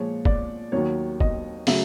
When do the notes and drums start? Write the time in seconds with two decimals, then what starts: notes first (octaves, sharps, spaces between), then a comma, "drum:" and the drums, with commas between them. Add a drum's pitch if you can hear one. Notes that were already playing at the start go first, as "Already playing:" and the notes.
Already playing: A#2 F3 G#3 C#5
0.25 D5, drum: kick
0.72 D#2 D#3 F#3 C#5
1.20 D#5, drum: kick
1.67 C#3 F#3 A3 E5, drum: open hi-hat